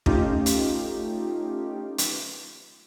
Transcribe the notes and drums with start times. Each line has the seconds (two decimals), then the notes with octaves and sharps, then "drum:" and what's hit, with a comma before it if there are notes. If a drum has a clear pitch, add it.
0.06 A3 C#4 D#4 F4 G4, drum: kick
0.46 drum: hi-hat
1.98 drum: hi-hat